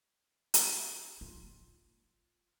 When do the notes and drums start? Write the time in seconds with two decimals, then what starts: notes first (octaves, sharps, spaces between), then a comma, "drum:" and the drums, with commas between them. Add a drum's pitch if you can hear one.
0.54 drum: hi-hat
1.21 F4